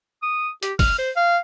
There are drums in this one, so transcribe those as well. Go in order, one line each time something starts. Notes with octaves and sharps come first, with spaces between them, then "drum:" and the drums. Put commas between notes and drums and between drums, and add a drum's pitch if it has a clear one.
D#6
G4, drum: hi-hat
F6, drum: kick, open hi-hat
C5
F5